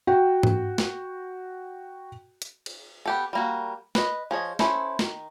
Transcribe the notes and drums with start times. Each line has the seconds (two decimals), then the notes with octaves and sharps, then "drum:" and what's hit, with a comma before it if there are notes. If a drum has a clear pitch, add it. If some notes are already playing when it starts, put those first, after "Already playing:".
0.07 F#4 G5
0.43 drum: tom G#2
0.78 drum: snare
2.42 drum: hi-hat
2.66 drum: cymbal
3.06 B3 G4 A4
3.33 G3 A#3 F#4
3.95 B4 D#5, drum: snare
4.31 F3 G#4 C#5 D#5
4.59 C#4 E4 A4 C5, drum: snare
4.99 D#3, drum: snare